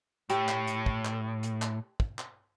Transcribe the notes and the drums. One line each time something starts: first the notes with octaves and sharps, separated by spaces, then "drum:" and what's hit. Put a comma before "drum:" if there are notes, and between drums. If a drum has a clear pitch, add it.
A2 G4, drum: hi-hat
drum: clap
drum: hi-hat
drum: kick
drum: clap
drum: hi-hat
drum: clap
drum: kick
drum: clap